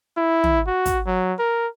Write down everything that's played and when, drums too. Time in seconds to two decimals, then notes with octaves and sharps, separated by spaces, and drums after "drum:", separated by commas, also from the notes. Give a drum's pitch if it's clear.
0.17 E4
0.44 drum: tom
0.67 F#4
0.86 drum: kick, hi-hat
1.06 F#3
1.39 A#4